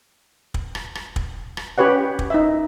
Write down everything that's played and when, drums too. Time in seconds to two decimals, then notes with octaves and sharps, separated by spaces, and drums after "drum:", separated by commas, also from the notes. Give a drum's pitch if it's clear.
0.54 drum: kick
0.75 drum: rim click
0.95 drum: rim click
1.16 drum: kick
1.57 drum: rim click
1.78 C#4 G4 B4 C#5 F#5
2.19 drum: kick
2.30 D#4 E5